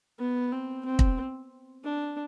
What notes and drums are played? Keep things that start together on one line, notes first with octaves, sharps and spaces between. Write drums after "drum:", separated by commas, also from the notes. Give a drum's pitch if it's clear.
B3
C4
C4
drum: kick
D4